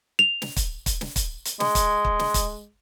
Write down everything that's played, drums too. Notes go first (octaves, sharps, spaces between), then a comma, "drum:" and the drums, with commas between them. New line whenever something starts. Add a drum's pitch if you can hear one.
F7
drum: snare
drum: kick, hi-hat
drum: kick, hi-hat
drum: snare
drum: kick, hi-hat
drum: hi-hat
G#3, drum: snare
drum: kick, hi-hat
drum: kick
drum: snare
drum: kick, hi-hat